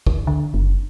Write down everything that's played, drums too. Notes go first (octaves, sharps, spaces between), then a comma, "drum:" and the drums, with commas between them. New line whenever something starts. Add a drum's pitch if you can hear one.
D2, drum: kick
D3
F#1